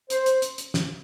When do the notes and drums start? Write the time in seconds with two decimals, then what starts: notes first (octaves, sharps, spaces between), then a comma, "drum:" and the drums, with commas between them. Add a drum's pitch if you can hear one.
0.10 C5, drum: hi-hat
0.26 drum: hi-hat
0.42 drum: hi-hat
0.58 drum: hi-hat
0.74 drum: snare